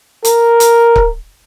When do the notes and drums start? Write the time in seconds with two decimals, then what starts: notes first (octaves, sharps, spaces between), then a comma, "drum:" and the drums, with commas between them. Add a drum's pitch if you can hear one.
0.25 A#4, drum: hi-hat
0.60 drum: hi-hat
0.96 drum: kick C#1